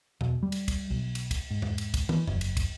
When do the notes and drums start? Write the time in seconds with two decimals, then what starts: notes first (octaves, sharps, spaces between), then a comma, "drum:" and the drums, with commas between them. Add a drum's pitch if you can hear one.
0.21 B2, drum: tom E2
0.43 G3
0.52 drum: cymbal
0.68 drum: kick, cymbal
0.90 B1
1.15 drum: cymbal
1.31 drum: kick, cymbal
1.51 G#2
1.62 drum: tom E2
1.78 drum: cymbal
1.94 drum: kick, cymbal
2.09 E3, drum: tom
2.27 F#1, drum: tom E2
2.41 drum: cymbal
2.57 drum: kick, cymbal